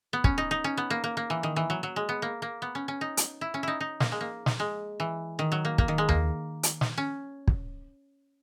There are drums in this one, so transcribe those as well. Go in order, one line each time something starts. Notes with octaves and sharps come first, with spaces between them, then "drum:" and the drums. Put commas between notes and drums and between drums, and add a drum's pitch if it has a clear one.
B3
C#4, drum: kick
D#4
D#4
C#4
B3
A#3
A#3
A#3
E3
D#3
E3
F#3
F#3
G#3
B3
A#3
A#3
B3
C#4
C#4
D#4
drum: hi-hat
E4
C#4
D#4 E4
D#4
A#3, drum: snare
G#3
A#3
drum: snare
G#3
E3
D#3
F#3
A#3
A#3, drum: kick
D#3
G#3
A#3, drum: tom D#2
drum: hi-hat
drum: snare
C#4
drum: kick